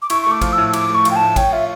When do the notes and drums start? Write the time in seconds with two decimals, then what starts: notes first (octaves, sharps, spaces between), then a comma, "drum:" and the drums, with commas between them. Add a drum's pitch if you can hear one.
0.02 D6
0.10 E4 C#6, drum: cymbal
0.22 C#6
0.27 A3 D6
0.42 F3, drum: kick G#1, cymbal
0.53 E6
0.58 A2
0.73 E4 D6, drum: cymbal
0.90 A3 C#6
1.05 F3, drum: cymbal
1.11 G5
1.16 A2 A5
1.36 C#5 G5, drum: kick G#1, cymbal
1.53 F4 E5